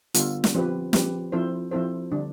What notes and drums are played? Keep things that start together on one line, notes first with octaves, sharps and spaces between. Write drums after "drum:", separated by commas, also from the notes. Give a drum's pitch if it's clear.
D3 G3 B3 F4 A4, drum: hi-hat
drum: snare
F3 C4 G4 B4
F3 C4 G4 B4, drum: snare
F3 C4 E4 A4 C5
F3 C4 E4 A4 C5
D3 G3 D4